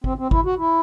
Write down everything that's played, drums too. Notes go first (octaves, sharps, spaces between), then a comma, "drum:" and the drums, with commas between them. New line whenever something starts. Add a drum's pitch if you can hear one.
C4, drum: kick G#1
C4
E4, drum: kick G#1
F#4
E4